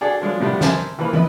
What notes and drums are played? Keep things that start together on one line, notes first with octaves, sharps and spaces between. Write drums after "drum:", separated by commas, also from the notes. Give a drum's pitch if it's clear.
D4 F#4 G#4 A4 D5
F3 F#3 G#3 D4 F4
A2 C3 F3 G3 B3 D4
A#4 C5 E5 G#5 A5, drum: snare
E3 F3 A#3 B4
E4 B4 D#5, drum: tom